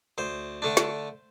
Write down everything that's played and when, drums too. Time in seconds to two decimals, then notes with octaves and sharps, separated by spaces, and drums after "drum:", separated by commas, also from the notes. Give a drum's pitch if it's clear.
0.18 D2 C5
0.62 D3 A3 D4
0.77 drum: snare